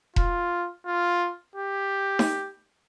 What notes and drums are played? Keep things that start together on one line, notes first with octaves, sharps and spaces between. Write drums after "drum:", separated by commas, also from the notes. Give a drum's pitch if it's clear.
F4, drum: kick E1
F4
G4
drum: snare D#4